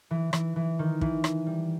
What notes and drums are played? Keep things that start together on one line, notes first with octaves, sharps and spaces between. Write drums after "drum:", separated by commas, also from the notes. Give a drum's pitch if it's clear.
E3
E3, drum: rim click
E3
D#3
E3, drum: kick
drum: rim click
G3